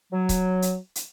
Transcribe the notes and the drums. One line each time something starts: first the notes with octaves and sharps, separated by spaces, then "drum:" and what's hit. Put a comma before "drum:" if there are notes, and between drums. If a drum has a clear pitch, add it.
F#3
drum: kick C#1, hi-hat
drum: hi-hat
drum: hi-hat